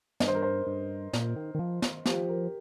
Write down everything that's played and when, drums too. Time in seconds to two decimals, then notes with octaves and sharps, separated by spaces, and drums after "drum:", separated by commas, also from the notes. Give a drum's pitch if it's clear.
0.20 G2 D#5, drum: snare
0.28 C5
0.35 A#4
0.42 C5
0.67 G2
1.13 A#2, drum: snare
1.36 D#3
1.55 D#3
1.59 F3
1.82 drum: snare
2.06 F3 G4, drum: snare
2.29 A#4